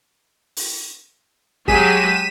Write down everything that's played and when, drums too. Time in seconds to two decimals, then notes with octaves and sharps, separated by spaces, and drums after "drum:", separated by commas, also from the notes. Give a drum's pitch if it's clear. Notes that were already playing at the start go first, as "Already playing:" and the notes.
0.57 drum: open hi-hat
1.68 F#3 G#3 G4 G#4 B6 D#7 E7, drum: kick